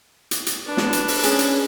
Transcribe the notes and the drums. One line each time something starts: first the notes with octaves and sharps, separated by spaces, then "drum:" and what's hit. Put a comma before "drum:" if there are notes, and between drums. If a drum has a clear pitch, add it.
drum: hi-hat
drum: hi-hat
D4 B4
drum: snare
drum: hi-hat
drum: open hi-hat
C#4 G#4, drum: hi-hat
drum: hi-hat